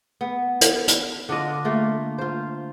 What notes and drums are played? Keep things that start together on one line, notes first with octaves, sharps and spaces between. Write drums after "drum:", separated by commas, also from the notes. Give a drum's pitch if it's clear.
B3
drum: hi-hat
drum: hi-hat
D3 D4 F4 D#5
A3 A#3 F4
F4 C5